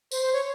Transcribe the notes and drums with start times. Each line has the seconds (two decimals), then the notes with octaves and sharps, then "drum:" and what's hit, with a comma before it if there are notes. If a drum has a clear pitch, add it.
0.12 C5, drum: tambourine
0.22 C5
0.33 C#5